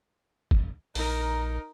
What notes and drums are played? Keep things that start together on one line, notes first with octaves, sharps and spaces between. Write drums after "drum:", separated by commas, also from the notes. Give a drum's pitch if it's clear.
drum: kick
A#1 D#4 A#4, drum: open hi-hat